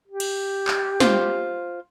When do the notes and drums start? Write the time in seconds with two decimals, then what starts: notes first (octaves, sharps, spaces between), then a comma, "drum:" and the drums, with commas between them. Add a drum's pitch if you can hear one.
0.08 G4
0.20 drum: cymbal
0.67 drum: clap
1.00 F4 C5, drum: snare